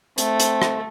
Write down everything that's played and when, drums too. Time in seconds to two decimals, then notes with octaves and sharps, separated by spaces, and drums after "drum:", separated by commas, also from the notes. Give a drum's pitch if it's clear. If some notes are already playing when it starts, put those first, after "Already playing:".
0.18 A3 C4, drum: hi-hat
0.40 drum: hi-hat
0.62 drum: rim click